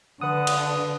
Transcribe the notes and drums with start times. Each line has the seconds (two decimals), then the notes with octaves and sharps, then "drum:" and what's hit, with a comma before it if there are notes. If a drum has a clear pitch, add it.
0.21 D3 B4 F#5 D#6
0.47 drum: cymbal